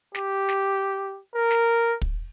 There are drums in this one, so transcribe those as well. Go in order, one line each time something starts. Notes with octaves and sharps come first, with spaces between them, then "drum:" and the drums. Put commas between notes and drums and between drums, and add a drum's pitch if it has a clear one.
G4, drum: snare
drum: snare
A#4
drum: snare
drum: kick